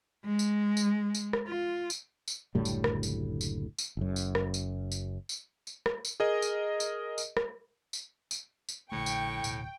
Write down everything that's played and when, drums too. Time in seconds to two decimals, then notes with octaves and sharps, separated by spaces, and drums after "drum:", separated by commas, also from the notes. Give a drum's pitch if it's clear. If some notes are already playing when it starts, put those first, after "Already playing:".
0.25 G#3
0.39 drum: tambourine
0.77 drum: tambourine
1.15 drum: tambourine
1.33 drum: rim click
1.47 F4
1.90 drum: tambourine
2.28 drum: tambourine
2.55 F#1 D2 A2 G3
2.65 drum: tambourine
2.84 drum: rim click
3.03 drum: tambourine
3.41 drum: tambourine
3.78 drum: tambourine
3.97 F#1 F#2
4.16 drum: tambourine
4.35 drum: rim click
4.54 drum: tambourine
4.92 drum: tambourine
5.29 drum: tambourine
5.67 drum: tambourine
5.86 drum: rim click
6.05 drum: tambourine
6.20 G#4 A#4 D#5
6.42 drum: tambourine
6.80 drum: tambourine
7.18 drum: tambourine
7.37 drum: rim click
7.93 drum: tambourine
8.31 drum: tambourine
8.69 drum: tambourine
8.92 A#1 A2 D3 A3 G5 C#6
9.06 drum: tambourine
9.44 D1 B2, drum: tambourine